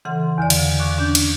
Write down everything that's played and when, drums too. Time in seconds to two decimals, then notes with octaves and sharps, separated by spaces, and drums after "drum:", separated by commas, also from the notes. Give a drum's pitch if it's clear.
0.05 C#3 E3 A4 F#5 C6
0.38 E2 D3 D5
0.50 F5, drum: cymbal
0.79 F5 C#6 D6 F#6
0.98 C#4 D4 G6
1.15 drum: cymbal